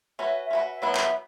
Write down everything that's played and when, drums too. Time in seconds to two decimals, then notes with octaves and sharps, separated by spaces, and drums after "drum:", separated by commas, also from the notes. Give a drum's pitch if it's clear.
0.19 C#4 F#4 B4 E5
0.45 E5
0.51 C#4 F#4 B4
0.70 E5
0.82 F#3 B3 E4 B4
0.95 E5, drum: clap